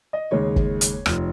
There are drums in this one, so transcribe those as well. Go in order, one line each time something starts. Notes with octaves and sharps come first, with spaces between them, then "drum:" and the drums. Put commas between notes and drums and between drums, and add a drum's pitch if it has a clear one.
D#5
D#2 C#3 G#3 C#5
drum: kick
drum: hi-hat
F1 F3, drum: rim click